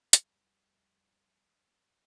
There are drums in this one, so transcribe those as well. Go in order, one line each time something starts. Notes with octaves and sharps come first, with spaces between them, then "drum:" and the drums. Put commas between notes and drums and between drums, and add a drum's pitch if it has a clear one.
F2 G3, drum: hi-hat